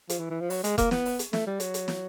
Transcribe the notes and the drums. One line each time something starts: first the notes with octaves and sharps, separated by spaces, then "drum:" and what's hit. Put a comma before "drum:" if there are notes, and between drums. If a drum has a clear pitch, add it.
F3, drum: hi-hat
E3
E3
F3
F#3, drum: open hi-hat
G#3, drum: hi-hat
A#3, drum: kick F1, hi-hat
B3, drum: snare
drum: open hi-hat
drum: hi-hat
A3, drum: snare
G3
F#3, drum: hi-hat
drum: hi-hat
drum: snare